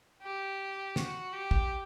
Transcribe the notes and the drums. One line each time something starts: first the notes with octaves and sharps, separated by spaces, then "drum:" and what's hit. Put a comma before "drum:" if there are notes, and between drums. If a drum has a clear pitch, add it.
G4
F#4, drum: snare
G4
drum: kick